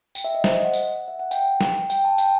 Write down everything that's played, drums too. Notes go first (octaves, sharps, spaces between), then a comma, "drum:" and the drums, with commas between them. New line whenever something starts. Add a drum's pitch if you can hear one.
G5, drum: tambourine
E5
D#5
C5, drum: snare
D#5
F#5
drum: tambourine
E5
F#5
G5, drum: tambourine
drum: snare
G5, drum: tambourine
A5
G5, drum: tambourine